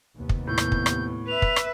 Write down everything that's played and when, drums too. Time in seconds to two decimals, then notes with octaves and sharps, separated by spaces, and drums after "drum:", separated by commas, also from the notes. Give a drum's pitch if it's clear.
0.16 D#2 C3 B3
0.29 drum: kick
0.47 A2 G6
0.58 drum: rim click
0.72 drum: kick
0.86 drum: rim click
1.28 B4 E5 F7
1.42 drum: kick
1.56 drum: rim click